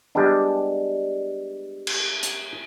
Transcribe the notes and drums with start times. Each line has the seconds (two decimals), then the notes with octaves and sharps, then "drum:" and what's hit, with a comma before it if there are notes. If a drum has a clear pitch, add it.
0.15 G3 G#3 B3 D4
1.87 drum: cymbal
2.23 drum: hi-hat